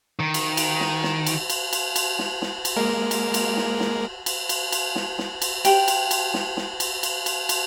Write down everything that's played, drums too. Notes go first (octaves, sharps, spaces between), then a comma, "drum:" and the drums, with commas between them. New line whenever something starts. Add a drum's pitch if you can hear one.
D#3
drum: cymbal
drum: cymbal
drum: snare
drum: snare
drum: cymbal
drum: cymbal
drum: cymbal
drum: cymbal
drum: snare
drum: snare
drum: cymbal
G#3 A#3 A#4
drum: cymbal
drum: cymbal
drum: snare
drum: snare
drum: cymbal
drum: cymbal
drum: cymbal
drum: snare
drum: snare
drum: cymbal
G4 G5, drum: cymbal
drum: cymbal
drum: cymbal
drum: snare
drum: snare
drum: cymbal
drum: cymbal
drum: cymbal
drum: cymbal